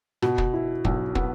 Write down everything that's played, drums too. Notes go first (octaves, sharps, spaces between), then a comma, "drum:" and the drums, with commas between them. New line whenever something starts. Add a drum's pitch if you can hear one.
B2, drum: rim click
drum: kick
E4
B1, drum: kick
B3, drum: kick